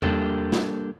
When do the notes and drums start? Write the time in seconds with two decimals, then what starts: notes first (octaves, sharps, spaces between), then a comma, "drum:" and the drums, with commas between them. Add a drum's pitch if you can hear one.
0.02 G3 A#3 D4 G4 A4 A#4, drum: tom E2
0.52 drum: snare